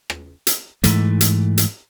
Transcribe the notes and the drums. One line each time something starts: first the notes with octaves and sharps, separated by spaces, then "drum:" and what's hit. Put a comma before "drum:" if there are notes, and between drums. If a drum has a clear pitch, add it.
drum: rim click
drum: hi-hat
G#2 E3 A3, drum: hi-hat
drum: hi-hat
drum: hi-hat